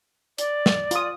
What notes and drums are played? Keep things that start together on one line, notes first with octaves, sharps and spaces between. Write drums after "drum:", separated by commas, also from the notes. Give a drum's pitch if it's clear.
D5, drum: hi-hat
drum: snare
F4 D#6, drum: hi-hat